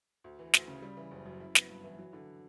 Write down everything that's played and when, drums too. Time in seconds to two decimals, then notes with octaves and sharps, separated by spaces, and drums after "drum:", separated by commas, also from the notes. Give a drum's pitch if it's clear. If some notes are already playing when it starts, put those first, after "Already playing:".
0.24 D2
0.39 E3
0.54 D2, drum: snare
0.68 C#3
0.82 G3
0.97 E3
1.11 F#1
1.26 F#2
1.40 E4
1.55 B3, drum: snare
1.69 G2
1.84 E3
1.98 F#3
2.13 D3